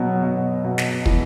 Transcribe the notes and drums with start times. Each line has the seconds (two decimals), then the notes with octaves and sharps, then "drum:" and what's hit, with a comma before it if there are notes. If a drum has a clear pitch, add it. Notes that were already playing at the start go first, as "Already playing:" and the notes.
Already playing: B2 F#3
0.23 B2
0.64 B2
0.78 drum: snare
1.06 E3, drum: kick